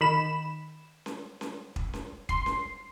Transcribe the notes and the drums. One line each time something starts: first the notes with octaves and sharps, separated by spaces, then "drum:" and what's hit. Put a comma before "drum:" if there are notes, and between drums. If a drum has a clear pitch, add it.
D#3 B5 E7
drum: snare C#4
drum: snare C#4
drum: kick
drum: snare C#4
C6 C7, drum: kick
drum: snare C#4